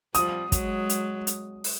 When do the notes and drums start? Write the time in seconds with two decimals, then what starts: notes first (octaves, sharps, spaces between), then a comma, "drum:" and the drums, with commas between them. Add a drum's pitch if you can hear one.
0.14 F3 G3 D#6, drum: hi-hat
0.52 F#3 G#3, drum: kick, hi-hat
0.90 drum: hi-hat
1.27 drum: hi-hat
1.64 drum: open hi-hat